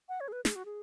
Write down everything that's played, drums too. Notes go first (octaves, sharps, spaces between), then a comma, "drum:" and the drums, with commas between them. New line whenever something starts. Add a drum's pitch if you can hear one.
F#5
C#5
G#4
B4
G#4, drum: snare
F#4
G#4